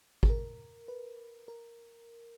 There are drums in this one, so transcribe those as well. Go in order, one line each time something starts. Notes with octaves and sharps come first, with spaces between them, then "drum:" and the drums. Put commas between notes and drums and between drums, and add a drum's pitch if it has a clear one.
G#4, drum: kick G#1
A#4
B4
A#4